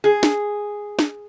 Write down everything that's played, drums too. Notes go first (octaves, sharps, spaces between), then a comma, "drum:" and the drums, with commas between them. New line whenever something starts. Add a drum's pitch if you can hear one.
G#4
drum: snare
drum: snare